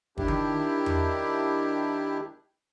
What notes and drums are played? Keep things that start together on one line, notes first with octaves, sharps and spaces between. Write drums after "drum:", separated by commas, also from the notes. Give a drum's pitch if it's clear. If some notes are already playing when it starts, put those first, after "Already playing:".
D#3 D4 E4 G4, drum: kick
drum: tom D#3
drum: tom E2